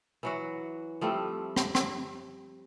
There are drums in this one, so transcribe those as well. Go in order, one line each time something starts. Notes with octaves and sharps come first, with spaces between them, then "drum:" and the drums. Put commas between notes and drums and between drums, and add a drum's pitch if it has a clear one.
E3 F#3 F#4
F3 G3 A3 C4
drum: rim click
drum: rim click